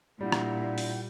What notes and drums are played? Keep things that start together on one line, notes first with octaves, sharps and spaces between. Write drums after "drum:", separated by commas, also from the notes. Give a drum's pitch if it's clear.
A#2 G3 D4 E4 D5 F#5 G6
drum: rim click
drum: open hi-hat